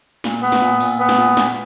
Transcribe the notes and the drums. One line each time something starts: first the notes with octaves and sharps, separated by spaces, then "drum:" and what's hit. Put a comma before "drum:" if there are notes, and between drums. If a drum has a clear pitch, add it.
A#2, drum: snare
B3
drum: snare
A#2
A#2, drum: open hi-hat
B3
drum: snare
A#2
A#2, drum: snare